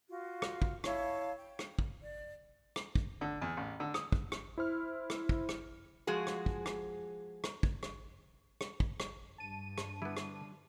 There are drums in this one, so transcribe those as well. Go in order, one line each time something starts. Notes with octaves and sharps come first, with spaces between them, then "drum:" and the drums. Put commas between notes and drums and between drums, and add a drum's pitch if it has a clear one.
F4 F#4
drum: rim click
drum: kick
E4 C#5 F5 A5, drum: rim click
G5
drum: rim click
drum: kick
D5
drum: rim click
drum: kick
D3
E2
A1
D3
D#6, drum: rim click
drum: kick
drum: rim click
E4 C5 F6
drum: rim click
drum: kick
drum: rim click
F3 G#3 F#4 G#4
drum: rim click
drum: kick
drum: rim click
drum: rim click
drum: kick
drum: rim click
drum: rim click
drum: kick
drum: rim click
G2 A5 D#7
drum: rim click
D3 G3 B3 E4
drum: rim click